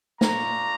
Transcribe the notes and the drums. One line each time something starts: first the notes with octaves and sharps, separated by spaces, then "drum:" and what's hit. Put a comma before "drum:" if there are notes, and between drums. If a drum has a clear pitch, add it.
A3 D4 F4 A#5, drum: snare